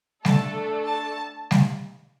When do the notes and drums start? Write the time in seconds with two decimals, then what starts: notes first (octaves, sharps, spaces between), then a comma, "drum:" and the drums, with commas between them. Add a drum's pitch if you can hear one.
0.25 A3 D4 A4 A5, drum: snare G3
0.85 A5
1.51 drum: snare G3